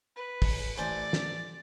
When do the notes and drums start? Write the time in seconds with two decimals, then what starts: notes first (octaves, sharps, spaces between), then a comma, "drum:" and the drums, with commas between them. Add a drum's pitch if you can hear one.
0.16 B4
0.42 drum: kick, open hi-hat
0.77 A1 C5 D5 G#5, drum: hi-hat
1.13 drum: snare